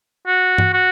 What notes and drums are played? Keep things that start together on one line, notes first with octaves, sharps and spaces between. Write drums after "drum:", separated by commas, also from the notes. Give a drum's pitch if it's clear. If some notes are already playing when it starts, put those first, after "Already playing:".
F#4
drum: tom G2
F#4